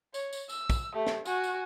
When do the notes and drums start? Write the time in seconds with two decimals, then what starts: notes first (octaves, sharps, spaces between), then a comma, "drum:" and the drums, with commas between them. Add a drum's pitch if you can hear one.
0.14 C#5, drum: tambourine
0.33 drum: tambourine
0.49 E6, drum: tambourine
0.70 drum: kick, tambourine
0.94 A3 G4
1.07 drum: snare
1.26 F#4 G#5, drum: tambourine
1.44 drum: tambourine